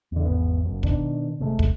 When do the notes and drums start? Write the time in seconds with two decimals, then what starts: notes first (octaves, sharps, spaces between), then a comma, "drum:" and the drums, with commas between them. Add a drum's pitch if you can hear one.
0.12 E2 D3
0.25 G#1 E2 B3
0.64 F#1 F#2
0.83 B2 D#3 D4, drum: kick
1.39 F#1 C3 G#3 A3
1.59 drum: kick